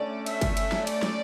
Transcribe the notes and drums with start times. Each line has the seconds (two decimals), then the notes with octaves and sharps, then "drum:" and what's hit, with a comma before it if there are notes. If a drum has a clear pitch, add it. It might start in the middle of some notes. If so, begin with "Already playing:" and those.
Already playing: D3 A3 C#4 D5
0.26 E5, drum: cymbal
0.41 drum: kick, cymbal
0.57 drum: cymbal
0.72 drum: snare
0.87 D5, drum: cymbal
1.03 drum: snare